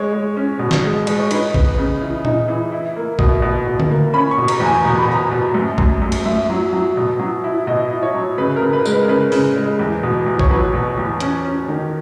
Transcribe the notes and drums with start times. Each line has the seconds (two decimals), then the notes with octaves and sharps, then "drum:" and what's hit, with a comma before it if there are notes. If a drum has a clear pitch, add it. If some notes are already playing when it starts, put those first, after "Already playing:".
Already playing: G#3 C#5
0.13 G#3
0.36 C#4
0.59 B2
0.71 drum: snare
0.84 G#3
1.07 G#3, drum: cymbal
1.19 C#5
1.31 D#4 B4, drum: cymbal
1.54 B3, drum: kick A1
1.78 C#3
2.01 E3
2.25 D#4, drum: tom A#2
2.48 E3
2.72 E4
2.96 A#3
3.19 B2, drum: kick A1
3.42 B2
3.66 B2
3.80 drum: tom D3
3.91 A#3
4.13 C#4 B5
4.31 C#6
4.37 B2
4.48 A#5, drum: cymbal
4.60 E2
4.66 G#5
4.85 B2 A#5
4.98 B5
5.07 B2 A#5
5.31 B2
5.54 F#2
5.78 F#2, drum: kick A1
6.02 F#2
6.12 drum: cymbal
6.26 F#2 E5
6.50 F#3
6.73 F#3
6.97 B2
7.19 F#3
7.44 E4
7.67 B2 D#5
7.91 E4
8.03 C#5
8.14 F#3
8.38 C#3 B4
8.56 C#3 A#4
8.73 B4
8.86 G#3 A#4, drum: tambourine
8.92 B4
9.02 A#4
9.08 C#3 B4
9.32 C#3, drum: open hi-hat
9.56 G#3
9.79 E2
10.03 B2
10.26 E2
10.39 C#5, drum: kick A1
10.50 F#3 B4
10.73 B2
10.98 E2
11.20 C#4, drum: hi-hat
11.45 C#4
11.68 D#3